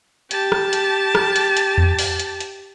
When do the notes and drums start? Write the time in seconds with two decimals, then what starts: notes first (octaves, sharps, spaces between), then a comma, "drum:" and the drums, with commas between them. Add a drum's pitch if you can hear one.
0.31 G4 A5, drum: hi-hat
0.52 drum: rim click
0.73 drum: hi-hat
1.15 drum: rim click
1.36 drum: hi-hat
1.57 drum: hi-hat
1.78 drum: tom E2
1.99 drum: open hi-hat
2.20 drum: hi-hat
2.40 drum: hi-hat